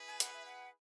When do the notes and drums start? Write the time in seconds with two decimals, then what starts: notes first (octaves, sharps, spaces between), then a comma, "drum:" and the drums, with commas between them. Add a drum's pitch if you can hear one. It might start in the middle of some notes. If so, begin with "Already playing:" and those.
Already playing: E4 G#4 B4
0.08 G#5
0.20 F#5, drum: hi-hat
0.33 E5
0.46 F#5